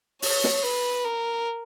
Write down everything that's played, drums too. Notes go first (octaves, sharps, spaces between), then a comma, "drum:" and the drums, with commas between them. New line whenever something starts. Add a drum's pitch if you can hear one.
C#5, drum: open hi-hat
drum: snare
B4
A#4